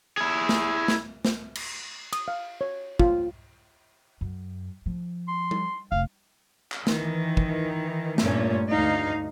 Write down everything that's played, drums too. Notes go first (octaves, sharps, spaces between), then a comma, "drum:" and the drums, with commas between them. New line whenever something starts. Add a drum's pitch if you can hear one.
E4 G#4
drum: snare
drum: snare
drum: snare
drum: cymbal
D#6, drum: cymbal
F5
C#5
F4, drum: kick
F#2
F3
C6
drum: tom G3
F1 F5
drum: clap
D#3 E3, drum: snare
drum: kick
G2 A#2 A3 C#4, drum: snare
D2 D#4 F5